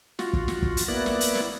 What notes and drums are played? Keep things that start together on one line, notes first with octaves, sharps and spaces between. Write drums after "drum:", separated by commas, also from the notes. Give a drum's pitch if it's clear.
F4 F#4, drum: snare
drum: kick
drum: snare
drum: kick
drum: hi-hat
A#3 B3 E4 D5 F#6
drum: snare
drum: hi-hat
drum: snare